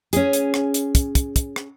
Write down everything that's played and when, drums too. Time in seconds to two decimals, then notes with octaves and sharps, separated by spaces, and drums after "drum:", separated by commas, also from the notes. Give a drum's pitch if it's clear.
0.13 C#4 G#4, drum: hi-hat
0.33 drum: hi-hat
0.54 drum: rim click
0.74 drum: hi-hat
0.95 drum: kick, hi-hat
1.15 drum: kick, hi-hat
1.36 drum: kick, hi-hat
1.56 drum: rim click